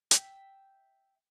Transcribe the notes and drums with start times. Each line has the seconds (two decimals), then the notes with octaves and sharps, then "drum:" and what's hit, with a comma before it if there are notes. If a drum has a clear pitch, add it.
0.11 E5 G5, drum: hi-hat